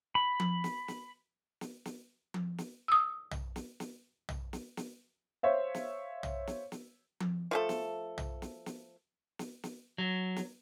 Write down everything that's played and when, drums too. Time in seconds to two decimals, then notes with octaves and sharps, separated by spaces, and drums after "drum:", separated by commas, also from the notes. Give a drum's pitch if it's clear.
0.15 B5
0.40 drum: tom F3
0.64 drum: snare
0.88 drum: snare
1.61 drum: snare
1.85 drum: snare
2.34 drum: tom F3
2.58 drum: snare
2.88 D#6 E6
3.31 drum: tom
3.56 drum: snare
3.80 drum: snare
4.29 drum: tom
4.53 drum: snare
4.77 drum: snare
5.43 C5 C#5 E5 F5
5.74 drum: snare
6.23 drum: tom
6.47 drum: snare
6.72 drum: snare
7.20 drum: tom F3
7.51 F3 A3 A4
7.69 drum: snare
8.18 drum: tom
8.42 drum: snare
8.66 drum: snare
9.39 drum: snare
9.63 drum: snare
9.98 F#3
10.36 drum: snare